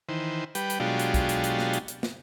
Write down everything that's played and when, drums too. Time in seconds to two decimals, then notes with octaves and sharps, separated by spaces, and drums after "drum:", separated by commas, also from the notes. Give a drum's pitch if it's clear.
0.09 D#3 E3 C5
0.55 G3 B4 G5, drum: hi-hat
0.70 drum: hi-hat
0.80 B2 F#3 G#3 D4 F4 G4
0.99 drum: hi-hat
1.14 drum: kick, hi-hat
1.29 drum: hi-hat
1.44 drum: hi-hat
1.59 drum: snare
1.73 drum: hi-hat
1.88 drum: hi-hat
2.03 drum: snare